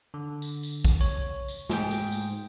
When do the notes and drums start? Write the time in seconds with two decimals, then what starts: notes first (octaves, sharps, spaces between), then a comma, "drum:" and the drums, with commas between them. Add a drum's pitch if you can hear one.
0.14 D3
0.42 drum: tambourine
0.63 drum: tambourine
0.85 drum: kick, tambourine
1.01 C#5
1.48 drum: tambourine
1.70 G#2 G#4 G5, drum: snare
1.91 drum: tambourine
2.12 drum: tambourine